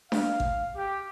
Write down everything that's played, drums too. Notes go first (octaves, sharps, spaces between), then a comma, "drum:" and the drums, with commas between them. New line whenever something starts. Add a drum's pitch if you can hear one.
F5, drum: snare D4
drum: kick G#1
G4